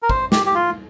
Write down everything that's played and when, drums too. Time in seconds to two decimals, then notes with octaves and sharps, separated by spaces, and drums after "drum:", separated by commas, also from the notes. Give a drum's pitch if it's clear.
0.03 A#4
0.09 C5, drum: kick
0.32 G4, drum: snare
0.46 G4
0.55 F4